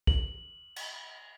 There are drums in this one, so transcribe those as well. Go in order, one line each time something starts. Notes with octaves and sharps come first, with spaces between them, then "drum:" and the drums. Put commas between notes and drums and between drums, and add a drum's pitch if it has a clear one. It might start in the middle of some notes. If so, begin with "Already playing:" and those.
F#7, drum: kick
drum: cymbal